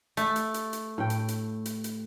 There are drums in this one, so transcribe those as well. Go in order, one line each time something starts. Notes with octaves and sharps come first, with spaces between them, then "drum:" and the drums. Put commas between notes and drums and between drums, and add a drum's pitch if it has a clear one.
A3, drum: hi-hat
drum: hi-hat
drum: hi-hat
drum: hi-hat
A2 G5
drum: hi-hat
drum: hi-hat
drum: hi-hat
drum: hi-hat